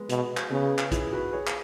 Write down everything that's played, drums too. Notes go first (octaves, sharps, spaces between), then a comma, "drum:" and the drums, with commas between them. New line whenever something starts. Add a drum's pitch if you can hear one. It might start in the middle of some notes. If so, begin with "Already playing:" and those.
Already playing: G#3 B3
B2, drum: hi-hat
drum: clap
C#3 B3
drum: clap
E4 G#4, drum: kick, hi-hat
F#4 B4
G#4 C#5
drum: clap